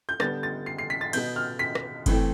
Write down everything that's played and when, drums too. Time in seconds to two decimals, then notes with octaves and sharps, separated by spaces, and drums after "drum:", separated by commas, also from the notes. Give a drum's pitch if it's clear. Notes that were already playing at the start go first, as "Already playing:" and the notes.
0.09 G6
0.20 D3 G3 B3 A6, drum: rim click
0.43 A6
0.66 C7
0.78 C7
0.90 B6
1.01 A6
1.13 B2 B3 G6, drum: cymbal
1.36 F6
1.59 B6
1.75 drum: rim click
2.06 A2 E3 A3 C4, drum: kick F#1, cymbal